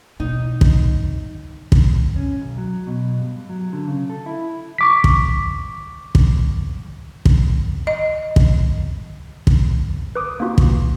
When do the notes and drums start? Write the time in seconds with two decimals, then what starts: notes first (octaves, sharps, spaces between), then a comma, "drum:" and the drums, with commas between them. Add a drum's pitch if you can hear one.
0.20 E2 B2 D#4
0.61 drum: kick
1.72 drum: kick
2.16 C#4
2.40 B1
2.58 F#3
2.87 B2
3.19 G2
3.49 F#3
3.73 D3
3.88 C#3
4.10 A4
4.26 E4
4.78 C#6 D6 B6
5.04 drum: kick
6.15 drum: kick
7.26 drum: kick
7.87 D#5
8.36 drum: kick
9.47 drum: kick
10.16 B4 D6 D#6
10.40 A#3 C4 D#4 F4 F#4
10.58 drum: kick